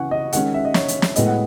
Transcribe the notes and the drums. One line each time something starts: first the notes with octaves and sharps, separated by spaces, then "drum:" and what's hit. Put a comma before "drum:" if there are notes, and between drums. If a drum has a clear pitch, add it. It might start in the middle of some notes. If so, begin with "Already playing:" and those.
Already playing: C#3 E3 C#4 F#5 G#5 C#6
D#5
D#3 G#3 C#4 F#5, drum: hi-hat
E5
D#5
C#5, drum: snare
drum: hi-hat
drum: snare
A2 G#3 B3 D#5, drum: hi-hat
F#5